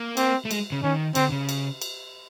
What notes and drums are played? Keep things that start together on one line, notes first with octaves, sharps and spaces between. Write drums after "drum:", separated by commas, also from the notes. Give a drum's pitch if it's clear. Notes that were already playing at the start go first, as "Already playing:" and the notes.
Already playing: A#3
C4, drum: cymbal
A3
G#3, drum: cymbal
C#3
D#3 C#4
D3 C4, drum: cymbal
C#3
drum: cymbal
drum: cymbal